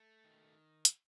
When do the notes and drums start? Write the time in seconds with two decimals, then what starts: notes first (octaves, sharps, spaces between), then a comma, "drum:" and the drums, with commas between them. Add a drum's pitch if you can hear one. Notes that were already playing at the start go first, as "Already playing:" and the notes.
Already playing: A3
0.24 D#3
0.85 drum: hi-hat